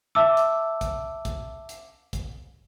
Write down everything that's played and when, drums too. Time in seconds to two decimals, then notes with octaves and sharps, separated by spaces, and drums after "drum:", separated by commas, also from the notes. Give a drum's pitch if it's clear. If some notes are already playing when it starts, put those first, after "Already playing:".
0.15 E5 A5 D6 E6
0.37 drum: hi-hat
0.81 drum: kick, hi-hat
1.25 drum: kick, hi-hat
1.69 drum: hi-hat
2.13 drum: kick, hi-hat